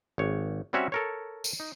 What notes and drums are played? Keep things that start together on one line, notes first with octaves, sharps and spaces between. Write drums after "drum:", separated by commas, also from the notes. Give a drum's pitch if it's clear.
G#1 C#5
G3 C4 C#4 F#4 C#5 E5
A4 A#4 C#5
drum: tambourine
D#4